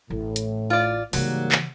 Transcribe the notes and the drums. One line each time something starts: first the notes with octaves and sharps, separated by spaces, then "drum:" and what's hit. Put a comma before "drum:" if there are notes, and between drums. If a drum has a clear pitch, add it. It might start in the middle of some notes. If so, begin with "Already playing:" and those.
A1 A2
drum: hi-hat
F4 D5
G#2 C#3 E3 F#3 G3 A#3, drum: open hi-hat
drum: clap